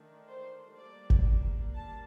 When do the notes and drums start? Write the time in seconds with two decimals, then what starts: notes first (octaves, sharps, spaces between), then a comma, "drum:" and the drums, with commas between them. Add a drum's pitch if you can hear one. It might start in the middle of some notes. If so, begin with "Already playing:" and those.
Already playing: D#3 A3 D4
0.28 C5
0.77 G3 A#3 D4 D5
1.10 drum: kick G#1
1.75 A5